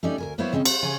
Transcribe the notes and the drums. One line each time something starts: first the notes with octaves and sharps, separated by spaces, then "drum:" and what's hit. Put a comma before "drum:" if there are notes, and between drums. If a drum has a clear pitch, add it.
A3 C#4 D#4 G4 D5
D2 A#4 G#5
F#3 A#3 B3 E4 C5 C#5
C#3 C4 C#4 D#5
C5, drum: cymbal
C#3 C#5 G#5